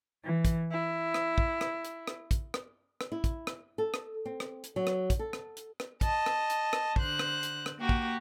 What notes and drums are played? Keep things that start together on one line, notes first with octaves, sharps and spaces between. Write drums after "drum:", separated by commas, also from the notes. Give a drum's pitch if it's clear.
E3
drum: kick, hi-hat
E4
drum: rim click
drum: kick
drum: rim click
drum: hi-hat
drum: rim click
drum: kick, hi-hat
drum: rim click
drum: rim click
E4
drum: kick, hi-hat
drum: rim click
A4
drum: rim click
C4
drum: rim click
drum: hi-hat
F#3
drum: rim click
drum: kick, hi-hat
A4
drum: rim click
drum: hi-hat
drum: rim click
D#5 A5, drum: kick, hi-hat
drum: rim click
drum: hi-hat
drum: rim click
D3 C5 F#6, drum: kick
drum: rim click
drum: hi-hat
drum: rim click
A#3 F#4 G4
drum: kick